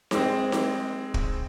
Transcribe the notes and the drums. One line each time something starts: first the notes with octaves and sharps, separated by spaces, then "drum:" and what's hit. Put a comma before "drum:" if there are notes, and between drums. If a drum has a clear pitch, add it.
G#3 C4, drum: snare D#4
drum: snare D#4
drum: kick